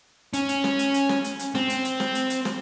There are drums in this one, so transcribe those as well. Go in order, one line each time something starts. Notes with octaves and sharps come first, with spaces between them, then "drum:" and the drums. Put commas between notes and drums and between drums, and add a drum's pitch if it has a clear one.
C#4, drum: hi-hat
drum: hi-hat
drum: snare
drum: hi-hat
drum: hi-hat
drum: snare
drum: hi-hat
drum: hi-hat
C4, drum: snare
drum: hi-hat
drum: hi-hat
drum: snare
drum: hi-hat
drum: hi-hat
drum: snare